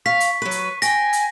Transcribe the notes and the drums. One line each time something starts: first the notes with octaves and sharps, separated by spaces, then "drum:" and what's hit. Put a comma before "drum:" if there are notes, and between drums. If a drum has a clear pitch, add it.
F5 C#6 B6
drum: hi-hat
F#3 B4
drum: hi-hat
G5 G#5 A#6, drum: hi-hat
drum: hi-hat